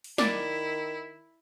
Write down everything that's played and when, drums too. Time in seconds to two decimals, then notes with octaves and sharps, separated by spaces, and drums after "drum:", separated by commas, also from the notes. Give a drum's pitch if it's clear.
0.04 drum: open hi-hat
0.18 D#3 E4 D5, drum: snare